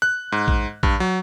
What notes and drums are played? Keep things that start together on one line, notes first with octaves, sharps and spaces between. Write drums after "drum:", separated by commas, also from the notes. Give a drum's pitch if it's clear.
F#6
G#2
drum: kick A#1
G2, drum: kick A#1
F#3